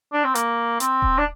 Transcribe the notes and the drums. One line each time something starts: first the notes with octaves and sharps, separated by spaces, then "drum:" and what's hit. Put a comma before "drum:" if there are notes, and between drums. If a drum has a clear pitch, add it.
D4
C4
A#3, drum: hi-hat
C4, drum: hi-hat
drum: kick D#1
D4